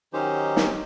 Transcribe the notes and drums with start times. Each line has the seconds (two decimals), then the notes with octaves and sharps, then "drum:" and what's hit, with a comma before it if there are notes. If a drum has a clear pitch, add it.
0.13 D#3 F#3 C#4 D#4 G4 C5
0.56 drum: snare